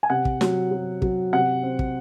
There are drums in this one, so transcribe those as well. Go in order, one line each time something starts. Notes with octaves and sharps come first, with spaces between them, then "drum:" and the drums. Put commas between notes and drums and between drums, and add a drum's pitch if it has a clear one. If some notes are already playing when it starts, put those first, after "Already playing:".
G#5
C3 F#5
drum: kick
F#3, drum: snare
F#3
F#3, drum: kick
C3 F#5
C4
drum: kick